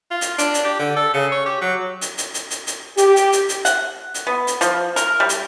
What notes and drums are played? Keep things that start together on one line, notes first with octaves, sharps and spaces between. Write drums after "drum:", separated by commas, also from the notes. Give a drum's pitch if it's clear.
F4
drum: hi-hat
D4, drum: hi-hat
drum: hi-hat
G4
D3
A4
C#3
C#5
G4
F#3
drum: hi-hat
drum: hi-hat
drum: hi-hat
drum: hi-hat
drum: hi-hat
G4, drum: hi-hat
drum: hi-hat
drum: hi-hat
drum: hi-hat
F#5, drum: hi-hat
drum: hi-hat
B3
drum: hi-hat
F3, drum: hi-hat
A#4, drum: hi-hat
G3
drum: hi-hat